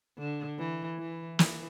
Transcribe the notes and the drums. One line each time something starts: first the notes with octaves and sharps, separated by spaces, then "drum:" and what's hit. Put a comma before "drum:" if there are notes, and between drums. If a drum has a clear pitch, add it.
D3
E3
E3
E3, drum: snare